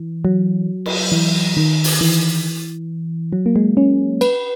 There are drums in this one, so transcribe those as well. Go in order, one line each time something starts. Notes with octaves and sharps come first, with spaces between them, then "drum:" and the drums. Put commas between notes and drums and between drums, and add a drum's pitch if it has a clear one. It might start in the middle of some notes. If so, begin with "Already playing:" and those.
Already playing: E3
F#3
drum: cymbal
E3
D#3
drum: open hi-hat
E3
F#3
A#3
G#3
C#4
B4, drum: cymbal